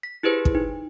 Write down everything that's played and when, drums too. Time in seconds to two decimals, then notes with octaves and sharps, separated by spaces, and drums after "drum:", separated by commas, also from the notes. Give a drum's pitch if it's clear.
0.03 B6
0.23 E4 G4 G#4 B4 C5
0.45 drum: kick
0.55 D#4